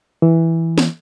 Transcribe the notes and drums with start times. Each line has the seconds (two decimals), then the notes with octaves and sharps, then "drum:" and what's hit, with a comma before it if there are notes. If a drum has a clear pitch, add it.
0.22 E3
0.78 drum: snare